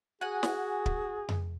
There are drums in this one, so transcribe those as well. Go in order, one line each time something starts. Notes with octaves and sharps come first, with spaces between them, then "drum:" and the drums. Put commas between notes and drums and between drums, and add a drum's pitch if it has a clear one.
F#4 G#4 F#5 G#5
drum: snare
drum: kick
drum: tom F2